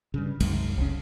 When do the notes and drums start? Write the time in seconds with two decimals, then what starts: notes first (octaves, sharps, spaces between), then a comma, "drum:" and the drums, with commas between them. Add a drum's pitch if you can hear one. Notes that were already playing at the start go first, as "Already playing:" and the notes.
0.14 G2 C#3
0.40 C2 F#2 D#3 G#3, drum: cymbal
0.78 F1 A2 C#3, drum: kick C2